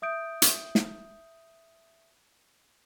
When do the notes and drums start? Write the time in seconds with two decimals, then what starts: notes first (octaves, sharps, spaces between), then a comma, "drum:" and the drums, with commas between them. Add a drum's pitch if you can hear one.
0.02 E5 D#6 G6 D7
0.42 drum: hi-hat
0.75 drum: snare